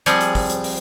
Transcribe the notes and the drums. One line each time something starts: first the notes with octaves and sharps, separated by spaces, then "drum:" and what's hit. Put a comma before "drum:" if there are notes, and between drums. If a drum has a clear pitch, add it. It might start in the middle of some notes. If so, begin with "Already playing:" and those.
F3 G3 C4 G#4 F#5, drum: hi-hat
drum: hi-hat
drum: kick, open hi-hat
drum: hi-hat
drum: open hi-hat